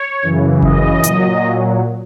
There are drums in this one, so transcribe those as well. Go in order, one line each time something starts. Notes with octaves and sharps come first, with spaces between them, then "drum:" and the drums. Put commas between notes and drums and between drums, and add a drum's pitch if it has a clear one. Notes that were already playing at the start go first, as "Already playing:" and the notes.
Already playing: C#5
F#2 C#3 E3
D#5, drum: kick G1
A#2 F#3, drum: hi-hat